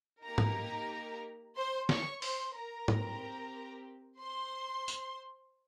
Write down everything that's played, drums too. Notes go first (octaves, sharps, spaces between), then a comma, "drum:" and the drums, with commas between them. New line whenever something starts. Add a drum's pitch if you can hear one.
A#3 D#4 G4 A#4 A#5
drum: tom
C5 C6
C#5 C#6, drum: snare
C5 C6, drum: open hi-hat
A#4 A#5
C4 G4, drum: tom
C5 C6
drum: tambourine